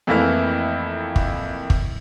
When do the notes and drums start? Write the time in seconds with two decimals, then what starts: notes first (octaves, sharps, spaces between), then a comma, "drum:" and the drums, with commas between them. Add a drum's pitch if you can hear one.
0.07 F2 E3 A3 A#3 E4 F6
1.16 drum: kick
1.70 drum: kick